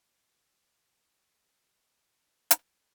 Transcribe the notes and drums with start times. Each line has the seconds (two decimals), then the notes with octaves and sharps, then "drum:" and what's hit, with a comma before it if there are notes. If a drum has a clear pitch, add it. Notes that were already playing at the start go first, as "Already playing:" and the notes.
0.01 D#5 F5
2.51 drum: hi-hat